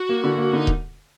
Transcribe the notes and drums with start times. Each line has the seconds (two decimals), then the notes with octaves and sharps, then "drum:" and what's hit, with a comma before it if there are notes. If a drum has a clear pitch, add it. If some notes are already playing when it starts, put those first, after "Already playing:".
Already playing: F#4
0.09 A#3
0.24 D3
0.38 A#3
0.53 D3 D#4
0.67 drum: kick D#1